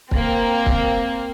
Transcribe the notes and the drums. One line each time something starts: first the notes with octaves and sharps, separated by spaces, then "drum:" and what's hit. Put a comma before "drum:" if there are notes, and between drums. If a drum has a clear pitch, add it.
A#3 C4, drum: kick
drum: kick